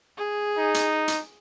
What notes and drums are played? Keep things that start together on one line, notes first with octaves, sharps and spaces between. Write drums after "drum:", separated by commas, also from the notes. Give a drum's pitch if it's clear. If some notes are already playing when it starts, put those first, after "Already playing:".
G#4
D#4
drum: hi-hat
drum: hi-hat